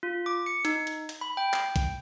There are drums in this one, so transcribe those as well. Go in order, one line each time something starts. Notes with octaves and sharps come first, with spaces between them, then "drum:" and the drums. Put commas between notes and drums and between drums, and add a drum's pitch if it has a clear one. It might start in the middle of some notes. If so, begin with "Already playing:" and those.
F4
D6
C#7
D#4, drum: hi-hat
drum: hi-hat
drum: hi-hat
B5
G5
drum: clap
drum: kick, hi-hat